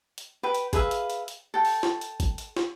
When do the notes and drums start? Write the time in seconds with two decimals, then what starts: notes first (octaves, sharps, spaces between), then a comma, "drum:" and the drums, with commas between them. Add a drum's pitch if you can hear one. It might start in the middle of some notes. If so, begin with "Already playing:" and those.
0.18 drum: hi-hat
0.43 B4 G5 B5
0.54 drum: hi-hat
0.73 G#4 B4 E5 F5, drum: kick, hi-hat
0.91 drum: hi-hat
1.10 drum: hi-hat
1.28 drum: hi-hat
1.54 A4 G5
1.65 drum: open hi-hat
1.83 drum: snare
2.01 drum: hi-hat
2.20 drum: kick, hi-hat
2.38 drum: hi-hat
2.56 drum: snare